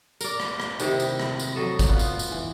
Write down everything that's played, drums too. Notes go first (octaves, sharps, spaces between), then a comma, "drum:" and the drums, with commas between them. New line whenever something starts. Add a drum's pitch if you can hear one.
A#4 D5, drum: tambourine
drum: rim click
drum: rim click
C3 D#3 D#4 E4, drum: tambourine
drum: tambourine
drum: rim click
drum: tambourine
F#3 A4 D#5
drum: kick, tambourine
B3 F4
drum: tambourine
drum: tambourine
E3